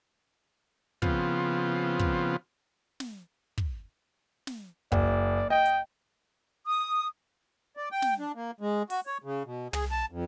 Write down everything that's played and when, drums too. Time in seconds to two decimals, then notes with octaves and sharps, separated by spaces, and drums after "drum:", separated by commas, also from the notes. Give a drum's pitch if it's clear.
1.02 C#3 F3 B3 C4 F4, drum: kick
1.99 drum: kick
3.00 drum: snare
3.58 drum: kick
4.47 drum: snare
4.92 F#1 D5, drum: kick
5.50 D#5 G5
5.65 drum: hi-hat
6.66 D#6
7.77 D5
7.92 G5
8.02 drum: snare
8.19 D4
8.35 A#3
8.61 G#3
8.90 F#4, drum: open hi-hat
9.07 C#5
9.24 C#3
9.46 B2
9.73 G#4, drum: tom
9.91 A5
10.11 F2